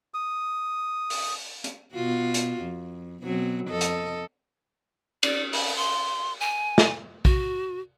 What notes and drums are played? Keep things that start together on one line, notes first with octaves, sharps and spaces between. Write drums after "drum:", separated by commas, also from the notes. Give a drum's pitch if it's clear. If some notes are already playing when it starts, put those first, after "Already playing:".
D#6
drum: open hi-hat
drum: hi-hat
B2 F4 F#4
drum: hi-hat
F2
B2 F#3 C4
F2 A4 D#5
drum: hi-hat
D5, drum: cymbal
B5, drum: open hi-hat
C6
G#5
drum: snare
F#4, drum: kick